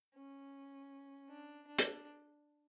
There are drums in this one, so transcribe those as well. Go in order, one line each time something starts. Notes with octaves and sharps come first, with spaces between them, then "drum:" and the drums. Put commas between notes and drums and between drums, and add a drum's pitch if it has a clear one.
C#4
D4
D4
drum: hi-hat